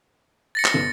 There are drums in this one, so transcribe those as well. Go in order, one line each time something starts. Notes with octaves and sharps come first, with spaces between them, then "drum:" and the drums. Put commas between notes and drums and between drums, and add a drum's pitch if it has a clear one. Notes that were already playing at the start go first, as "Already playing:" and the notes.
A6 A#6 C#7
drum: clap
G1